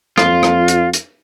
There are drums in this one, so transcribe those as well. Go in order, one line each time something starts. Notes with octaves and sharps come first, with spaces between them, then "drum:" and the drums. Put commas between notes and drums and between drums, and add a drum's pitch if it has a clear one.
F2 F4, drum: rim click
drum: rim click
drum: hi-hat
drum: hi-hat